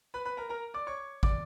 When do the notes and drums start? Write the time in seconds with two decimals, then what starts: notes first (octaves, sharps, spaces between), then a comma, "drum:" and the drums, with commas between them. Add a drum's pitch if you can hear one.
0.14 B4 B5
0.25 B4 B5
0.37 A#4 A#5
0.49 A#4 A#5
0.74 D5 D6
0.87 C#5 C#6
1.23 D5 D6, drum: kick